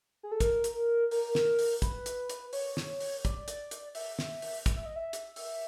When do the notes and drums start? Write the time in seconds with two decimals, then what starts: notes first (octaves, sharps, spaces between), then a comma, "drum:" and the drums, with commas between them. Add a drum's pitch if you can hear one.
0.23 G#4
0.31 A4
0.40 A#4, drum: kick, hi-hat
0.64 drum: hi-hat
1.11 A#4, drum: open hi-hat
1.35 drum: snare
1.59 drum: open hi-hat
1.82 B4, drum: kick, hi-hat
2.06 drum: hi-hat
2.30 drum: hi-hat
2.53 C#5, drum: open hi-hat
2.77 drum: snare
3.00 drum: open hi-hat
3.25 D5, drum: kick, hi-hat
3.48 drum: hi-hat
3.71 drum: hi-hat
3.95 E5, drum: open hi-hat
4.19 drum: snare
4.42 drum: open hi-hat
4.66 drum: kick, hi-hat
4.76 E5
4.86 D#5
4.96 E5
5.13 drum: hi-hat
5.36 E5, drum: open hi-hat